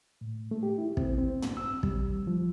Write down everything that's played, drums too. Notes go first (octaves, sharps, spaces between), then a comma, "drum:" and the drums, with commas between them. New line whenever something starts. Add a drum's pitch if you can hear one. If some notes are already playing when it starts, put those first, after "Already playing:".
A2
A3
G4
E4
C4, drum: kick
C4
drum: tom
E6
G3, drum: kick
F3